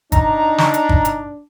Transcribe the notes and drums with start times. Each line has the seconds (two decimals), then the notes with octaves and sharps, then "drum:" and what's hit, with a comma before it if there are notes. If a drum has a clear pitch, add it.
0.12 D4 D#4 A#5, drum: kick G1, hi-hat
0.58 drum: snare
0.74 drum: hi-hat
0.89 drum: kick G1
1.05 drum: hi-hat